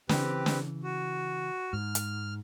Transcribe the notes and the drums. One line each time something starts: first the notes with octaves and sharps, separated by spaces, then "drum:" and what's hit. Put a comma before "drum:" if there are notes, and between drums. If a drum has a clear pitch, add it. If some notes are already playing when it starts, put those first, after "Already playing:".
C#3 E3 C4 G4 B4, drum: snare
drum: snare
F#4
G#2 F6
drum: hi-hat